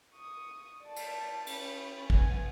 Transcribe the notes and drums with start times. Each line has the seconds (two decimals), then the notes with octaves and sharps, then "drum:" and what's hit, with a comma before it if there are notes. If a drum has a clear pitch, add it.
0.14 C#6 D#6
0.83 D5 A5
0.96 drum: cymbal
1.47 C#4 B5, drum: cymbal
2.10 B3 G#5, drum: kick